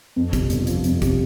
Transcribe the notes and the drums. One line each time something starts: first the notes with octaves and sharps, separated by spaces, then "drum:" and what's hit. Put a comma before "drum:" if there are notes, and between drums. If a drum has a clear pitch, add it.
F2
C3, drum: kick, hi-hat
G1, drum: hi-hat
F3, drum: hi-hat
F2, drum: hi-hat
C3, drum: kick, hi-hat